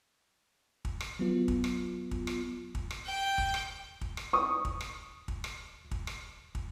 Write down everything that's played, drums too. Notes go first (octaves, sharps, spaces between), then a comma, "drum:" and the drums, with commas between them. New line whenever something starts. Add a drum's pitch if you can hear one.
drum: kick
drum: rim click
F#3 B3 F4
drum: kick
drum: rim click
drum: kick
drum: rim click
drum: kick
drum: rim click
G5
drum: kick
drum: rim click
drum: kick
drum: rim click
C#6 D#6
drum: kick
drum: rim click
drum: kick
drum: rim click
drum: kick
drum: rim click
drum: kick